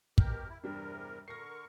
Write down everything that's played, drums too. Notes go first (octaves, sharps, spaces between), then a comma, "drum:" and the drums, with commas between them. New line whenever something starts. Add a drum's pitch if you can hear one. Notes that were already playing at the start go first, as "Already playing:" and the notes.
B2 G4 A#4, drum: kick
E4
E2 G2 C3 G3 D4 A#4
D3 A#4 C#6 A#6 C7